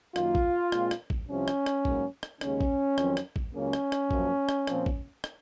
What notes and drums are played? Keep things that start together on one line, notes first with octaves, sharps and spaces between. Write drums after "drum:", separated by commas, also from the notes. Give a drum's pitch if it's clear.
F#2 D#3 A#3 F4, drum: rim click
drum: kick
A#2 G#3 C4, drum: rim click
drum: rim click
drum: kick
C2 C3 F3 C4 C#4
drum: rim click
drum: rim click
G#2 F#3 A#3, drum: kick
drum: rim click
D#2 C#3 G#3 C#4, drum: rim click
drum: kick
F2 D#3 F#3 C4, drum: rim click
drum: rim click
drum: kick
C#2 C#3 F#3 A#3 C#4
drum: rim click
drum: rim click
F#2 F3 A#3, drum: kick
drum: rim click
A#2 F3 C4, drum: rim click
drum: kick
drum: rim click